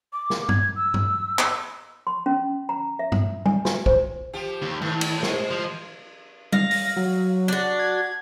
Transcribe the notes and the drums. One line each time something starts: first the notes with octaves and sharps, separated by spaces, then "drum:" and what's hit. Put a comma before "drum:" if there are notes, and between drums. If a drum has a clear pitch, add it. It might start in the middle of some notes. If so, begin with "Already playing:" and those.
D6
drum: snare
G#6, drum: tom G2
E6
drum: tom G2
drum: clap
C6
C#4
A#5
E5
drum: tom G2
G#5, drum: tom G3
F#4, drum: snare
C5, drum: kick
F3 G4
D#2
A2 D#3
drum: cymbal
G3 C5, drum: snare
F3
F5 A#6, drum: tom G3
drum: open hi-hat
F#3
D4 F#4
G#6